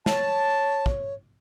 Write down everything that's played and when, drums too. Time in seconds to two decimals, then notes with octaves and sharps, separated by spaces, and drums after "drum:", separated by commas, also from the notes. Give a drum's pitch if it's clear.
0.06 C#5 A5, drum: snare
0.86 drum: kick